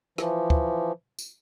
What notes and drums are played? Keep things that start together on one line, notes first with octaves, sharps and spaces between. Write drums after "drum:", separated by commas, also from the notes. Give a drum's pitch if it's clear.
E3 F3, drum: rim click
drum: kick
drum: tambourine